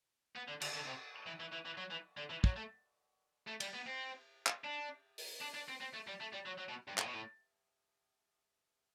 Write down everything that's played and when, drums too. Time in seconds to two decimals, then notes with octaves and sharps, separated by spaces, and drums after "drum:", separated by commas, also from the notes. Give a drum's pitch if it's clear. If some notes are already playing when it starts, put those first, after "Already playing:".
0.36 B3
0.48 D3
0.61 D3, drum: cymbal
0.75 D3
0.87 C3
1.27 E3
1.40 E3
1.53 E3
1.66 E3
1.78 F#3
1.91 E3
2.17 D3
2.30 E3
2.44 F#3, drum: kick
2.57 A3
3.47 A3
3.60 G3, drum: cymbal
3.74 B3
3.86 C4
4.47 drum: clap
4.64 D4
5.18 drum: open hi-hat
5.42 D4
5.55 D4
5.68 C4
5.81 C4
5.93 A3
6.07 G3
6.20 A3
6.33 G3
6.46 F#3
6.58 F#3
6.69 B2
6.88 G2
6.98 A2, drum: clap
7.06 B2
7.13 A2